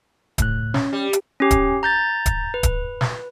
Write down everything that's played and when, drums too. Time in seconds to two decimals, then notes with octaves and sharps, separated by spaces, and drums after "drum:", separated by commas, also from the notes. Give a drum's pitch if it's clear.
0.38 C#2 A2 F#6, drum: kick D1, hi-hat
0.74 C#4, drum: snare
0.93 G3
1.13 drum: hi-hat
1.40 C#4 G4
1.51 drum: kick D1, hi-hat
1.83 A#5 G6 A6
2.26 drum: kick D1, hi-hat
2.54 B4
2.63 drum: kick D1, hi-hat
3.01 drum: snare